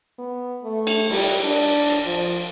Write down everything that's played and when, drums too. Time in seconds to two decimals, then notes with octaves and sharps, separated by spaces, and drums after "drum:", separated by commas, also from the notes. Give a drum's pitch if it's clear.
0.19 B3
0.64 A3
0.87 drum: cymbal
1.10 G3, drum: cymbal
1.43 D4
1.89 drum: hi-hat
2.05 F3